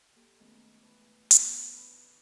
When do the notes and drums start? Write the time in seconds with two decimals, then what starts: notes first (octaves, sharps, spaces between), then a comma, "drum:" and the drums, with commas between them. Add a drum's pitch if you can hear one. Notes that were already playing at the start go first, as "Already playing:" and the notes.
0.16 A#3 G4 A4
0.39 D#3 G#3 A3 B3 C#4
0.81 D2 E3 B4 A5
1.31 B3, drum: hi-hat
1.74 B4 D5 A5 B5